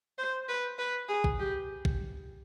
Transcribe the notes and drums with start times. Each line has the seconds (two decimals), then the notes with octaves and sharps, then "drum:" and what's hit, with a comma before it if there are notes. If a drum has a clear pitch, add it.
0.18 C5
0.49 B4
0.78 B4
1.09 G#4
1.24 drum: kick
1.40 G4
1.85 drum: kick